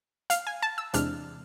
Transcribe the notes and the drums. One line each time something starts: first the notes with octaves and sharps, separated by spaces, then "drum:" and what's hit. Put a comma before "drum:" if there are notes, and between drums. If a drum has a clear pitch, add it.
F5, drum: hi-hat
G#5
A5
E6
E2 C3 E3 G#3 D4 F6, drum: hi-hat